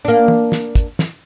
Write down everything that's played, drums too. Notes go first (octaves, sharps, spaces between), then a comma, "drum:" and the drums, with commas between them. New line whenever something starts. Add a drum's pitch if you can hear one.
A#3 D4
drum: tom E3
drum: snare
drum: kick, hi-hat
drum: snare